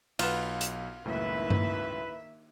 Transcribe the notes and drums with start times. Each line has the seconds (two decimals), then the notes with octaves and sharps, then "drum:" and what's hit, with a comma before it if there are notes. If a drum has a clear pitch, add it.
0.19 B1 B3 F4 E7, drum: cymbal
0.61 drum: hi-hat
1.06 C#2 F#2 A2 D#3 A#3 E4 B4 E5
1.50 drum: tom G2